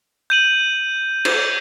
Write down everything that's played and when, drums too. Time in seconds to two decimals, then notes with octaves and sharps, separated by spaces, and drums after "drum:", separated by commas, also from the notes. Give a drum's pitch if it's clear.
0.30 G6 D#7 F#7
1.25 drum: cymbal